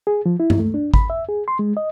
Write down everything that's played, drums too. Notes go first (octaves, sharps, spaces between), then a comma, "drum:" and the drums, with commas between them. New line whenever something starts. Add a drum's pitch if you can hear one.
G#4
F3
E4
drum: tom G2
A3
D4
B5, drum: kick G#1
E5
G#4
C6
G#3
D#5